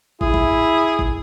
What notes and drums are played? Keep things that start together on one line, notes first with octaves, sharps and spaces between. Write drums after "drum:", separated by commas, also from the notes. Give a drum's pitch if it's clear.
E4 G#4, drum: kick
drum: kick
drum: kick